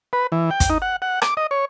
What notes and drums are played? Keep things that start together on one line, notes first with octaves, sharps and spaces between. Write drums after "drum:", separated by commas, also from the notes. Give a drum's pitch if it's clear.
B4
E3
G5
drum: kick, hi-hat
D#4
F#5
F#5
D6, drum: rim click
D#5
C#5